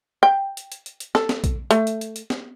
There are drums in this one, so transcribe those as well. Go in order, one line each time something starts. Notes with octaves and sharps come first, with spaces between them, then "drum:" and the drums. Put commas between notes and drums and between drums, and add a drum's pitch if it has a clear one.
G5
drum: hi-hat
drum: hi-hat
drum: hi-hat
drum: hi-hat
A4, drum: snare
drum: snare
drum: kick A#1, hi-hat
A3, drum: hi-hat
drum: hi-hat
drum: hi-hat
drum: hi-hat
drum: snare